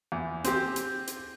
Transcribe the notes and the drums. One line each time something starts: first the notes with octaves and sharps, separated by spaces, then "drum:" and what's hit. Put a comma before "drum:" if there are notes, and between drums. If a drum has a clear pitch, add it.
E2
C4 G4, drum: hi-hat
drum: hi-hat
drum: hi-hat